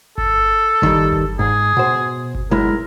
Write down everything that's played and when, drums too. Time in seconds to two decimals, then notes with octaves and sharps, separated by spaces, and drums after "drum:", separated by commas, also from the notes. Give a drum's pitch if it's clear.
0.18 A4, drum: kick G1
0.83 D#3 G3, drum: kick G1
1.13 drum: kick G1
1.39 G#2 G#4
1.77 B2 C5
2.35 drum: kick G1
2.51 B1 G#3 E4 A#4